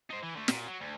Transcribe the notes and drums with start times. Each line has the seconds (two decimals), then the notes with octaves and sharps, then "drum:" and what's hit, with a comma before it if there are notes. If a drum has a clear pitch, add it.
0.10 D#4 C5
0.23 E3
0.35 D3 A3
0.48 A#2, drum: snare
0.67 F#3
0.80 D2